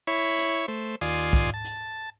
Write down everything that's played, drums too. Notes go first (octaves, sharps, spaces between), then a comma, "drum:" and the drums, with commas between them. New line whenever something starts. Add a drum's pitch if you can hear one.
E4 C#5 B5 C#6
drum: hi-hat
A3 C5
D#2 F4 D5 G#5 C6 D#6, drum: hi-hat
drum: kick B1
A5
drum: hi-hat